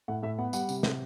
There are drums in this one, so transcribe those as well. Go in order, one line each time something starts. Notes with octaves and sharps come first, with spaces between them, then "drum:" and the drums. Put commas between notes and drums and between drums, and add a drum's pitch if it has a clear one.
A2 F#5
A2 E5
B3 F#5
G3 F#5, drum: tambourine
C3, drum: tambourine
C3, drum: snare